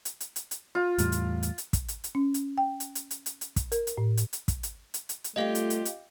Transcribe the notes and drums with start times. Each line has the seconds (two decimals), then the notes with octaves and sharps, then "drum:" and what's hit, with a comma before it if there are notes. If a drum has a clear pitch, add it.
0.05 drum: hi-hat
0.20 drum: hi-hat
0.36 drum: hi-hat
0.51 drum: hi-hat
0.75 F4
0.98 E2 A2 G3, drum: hi-hat
1.12 drum: hi-hat
1.43 drum: hi-hat
1.58 drum: hi-hat
1.73 drum: kick, hi-hat
1.88 drum: hi-hat
2.04 drum: hi-hat
2.15 C#4
2.34 drum: hi-hat
2.58 G5
2.80 drum: hi-hat
2.95 drum: hi-hat
3.11 drum: hi-hat
3.26 drum: hi-hat
3.41 drum: hi-hat
3.56 drum: kick, hi-hat
3.72 A#4, drum: hi-hat
3.87 drum: hi-hat
3.98 A2
4.17 drum: hi-hat
4.33 drum: hi-hat
4.48 drum: kick, hi-hat
4.63 drum: hi-hat
4.94 drum: hi-hat
5.09 drum: hi-hat
5.24 drum: hi-hat
5.36 G3 A3 C4 F4 G4 D#5 F5
5.55 drum: hi-hat
5.70 drum: hi-hat
5.85 drum: hi-hat